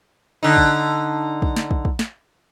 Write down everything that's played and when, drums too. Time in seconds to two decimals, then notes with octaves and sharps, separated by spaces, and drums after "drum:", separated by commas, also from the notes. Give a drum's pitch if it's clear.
0.43 D3 D#4
0.57 drum: kick
1.42 drum: kick
1.56 drum: snare
1.71 drum: kick
1.85 drum: kick
1.99 drum: snare